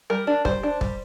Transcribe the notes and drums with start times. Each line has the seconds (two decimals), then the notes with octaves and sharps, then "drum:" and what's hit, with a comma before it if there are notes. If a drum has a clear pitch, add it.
0.10 G3 A#4
0.27 D4
0.45 G3 C5, drum: kick
0.63 D4
0.81 G3, drum: kick